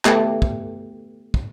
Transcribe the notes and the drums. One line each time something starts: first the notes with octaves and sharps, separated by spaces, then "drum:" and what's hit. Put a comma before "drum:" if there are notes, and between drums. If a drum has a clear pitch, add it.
A3 B3 G4, drum: clap
drum: kick
drum: kick